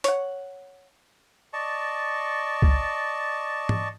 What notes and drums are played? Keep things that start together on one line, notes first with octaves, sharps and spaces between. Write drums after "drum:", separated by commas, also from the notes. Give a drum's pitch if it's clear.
C#5 F#5, drum: hi-hat
D5 D#5 A5 C#6
drum: kick C2
drum: tom G#2